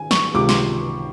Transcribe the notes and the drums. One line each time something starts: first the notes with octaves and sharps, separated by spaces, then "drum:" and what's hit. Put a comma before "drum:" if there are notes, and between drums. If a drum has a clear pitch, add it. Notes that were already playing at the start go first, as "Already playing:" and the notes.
Already playing: D#3 G#5
C#6, drum: snare
C#2 C3 D#3 D6
C6, drum: snare